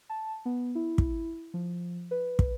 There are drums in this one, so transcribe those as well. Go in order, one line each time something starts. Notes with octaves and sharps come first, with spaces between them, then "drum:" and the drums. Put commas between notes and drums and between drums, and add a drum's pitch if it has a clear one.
A5
B3
E4
drum: kick
F3
B4
drum: kick